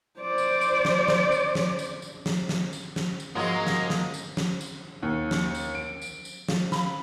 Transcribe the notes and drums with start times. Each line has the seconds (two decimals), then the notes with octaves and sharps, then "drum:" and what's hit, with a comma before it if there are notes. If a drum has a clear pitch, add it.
0.20 C5 D5
0.38 drum: tambourine
0.61 drum: tambourine
0.85 drum: snare
1.08 drum: snare
1.32 drum: tambourine
1.55 drum: snare
1.79 drum: tambourine
2.02 drum: tambourine
2.26 drum: snare
2.49 drum: snare
2.73 drum: tambourine
2.96 drum: snare
3.20 drum: tambourine
3.35 G#2 F3 F#3 G#3 A#3 F4 D#5 A#5
3.67 drum: snare
3.90 drum: snare
4.14 drum: tambourine
4.37 drum: snare
4.61 drum: tambourine
5.03 D#2
5.31 drum: snare
5.55 drum: tambourine
5.75 D7
6.02 drum: tambourine
6.25 drum: tambourine
6.48 F4, drum: snare
6.72 B5, drum: snare